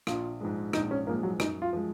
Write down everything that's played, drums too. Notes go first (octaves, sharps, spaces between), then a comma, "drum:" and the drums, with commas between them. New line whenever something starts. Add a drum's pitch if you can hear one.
A#1 F4, drum: rim click
G#2 F3 G#3
A#1 D#4, drum: rim click
C#4
G#2 F3 G#3 A#3
F#3
F#2 D#4, drum: rim click
F4
F3 G#3